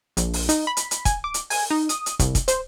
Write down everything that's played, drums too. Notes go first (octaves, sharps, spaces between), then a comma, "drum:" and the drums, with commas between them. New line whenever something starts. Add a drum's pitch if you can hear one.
A#1, drum: hi-hat
drum: open hi-hat
D#4, drum: hi-hat
B5
drum: hi-hat
drum: hi-hat
G#5, drum: kick, hi-hat
D6
drum: hi-hat
G#5, drum: open hi-hat
D#4
D#6, drum: hi-hat
drum: hi-hat
C2, drum: kick, hi-hat
drum: kick, hi-hat
C5, drum: hi-hat